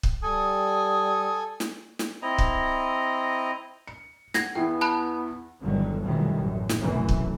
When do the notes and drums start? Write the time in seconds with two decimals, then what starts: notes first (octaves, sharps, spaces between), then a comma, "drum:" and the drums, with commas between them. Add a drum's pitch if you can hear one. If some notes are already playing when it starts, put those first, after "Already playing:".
0.03 drum: kick
0.23 G3 A4 G#5 D#6
1.60 drum: snare
1.99 drum: snare
2.22 C4 E4 D#5 A#5
2.38 drum: kick
3.87 C#7
4.34 F#5 G#6 A#6 C7, drum: snare
4.55 E2 E3 B3 E4 G5
4.81 A5 B5 F#6
5.62 G1 E2 G2 D3 D#3 F#3
6.03 F1 F#2 B2 D#3 E3 G3
6.38 A1 F#2
6.69 drum: snare
6.79 F1 B1 F#2 E3 A3
7.09 drum: kick